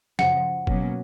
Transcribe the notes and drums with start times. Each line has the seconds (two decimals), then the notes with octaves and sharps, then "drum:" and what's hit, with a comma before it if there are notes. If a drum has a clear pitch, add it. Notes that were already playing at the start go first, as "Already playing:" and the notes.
0.19 F#2 C#3 F3 F#5, drum: snare
0.67 B2 F#3 A#3 C#4, drum: kick F#1